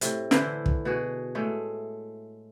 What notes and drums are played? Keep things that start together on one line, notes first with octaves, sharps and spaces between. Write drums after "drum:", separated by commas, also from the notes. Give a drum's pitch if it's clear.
A2 C3, drum: hi-hat
D3 E3 E4 C5, drum: snare
drum: kick
B2 F#4 G#4
A2 G#3 A3